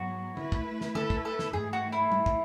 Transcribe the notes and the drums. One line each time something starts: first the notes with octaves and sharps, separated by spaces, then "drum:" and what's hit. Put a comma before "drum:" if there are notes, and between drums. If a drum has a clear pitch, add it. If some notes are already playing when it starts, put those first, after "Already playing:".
Already playing: G#2 F#3 B3 F#4
A3 E4 B4, drum: tom
drum: kick
drum: snare
A4, drum: tom
drum: kick
A4
drum: snare
G#2 E3 A3 G#4, drum: tom F#2
F#4
E4
drum: tom
drum: kick